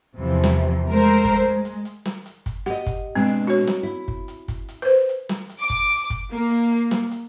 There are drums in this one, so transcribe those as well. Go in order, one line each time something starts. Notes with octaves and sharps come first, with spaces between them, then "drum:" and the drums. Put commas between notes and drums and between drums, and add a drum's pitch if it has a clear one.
E2 C3 E3 F3
drum: snare
G#3 A3 A#4 C5
drum: hi-hat
drum: kick G1, hi-hat
G#3
drum: hi-hat
drum: hi-hat
drum: snare
drum: hi-hat
drum: kick G1, hi-hat
G4 D#5 F#5, drum: hi-hat
drum: kick G1, hi-hat
B2 G#3 C4 D4
drum: hi-hat
F#4 C#5, drum: hi-hat
drum: snare
E4
drum: kick G1
drum: hi-hat
drum: kick G1, hi-hat
drum: hi-hat
B4 C5
drum: hi-hat
drum: snare
drum: hi-hat
D6
drum: kick G1, hi-hat
drum: hi-hat
drum: kick G1, hi-hat
A#3
drum: hi-hat
drum: hi-hat
drum: snare
drum: hi-hat